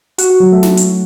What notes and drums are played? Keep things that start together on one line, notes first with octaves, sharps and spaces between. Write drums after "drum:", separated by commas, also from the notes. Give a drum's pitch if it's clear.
F#4, drum: hi-hat
F#4
F#3
A3
drum: snare
drum: hi-hat